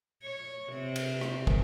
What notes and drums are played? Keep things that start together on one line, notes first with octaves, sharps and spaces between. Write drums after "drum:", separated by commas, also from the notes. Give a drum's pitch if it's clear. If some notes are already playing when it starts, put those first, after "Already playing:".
C#5
C3 C4
drum: cymbal
drum: rim click
drum: kick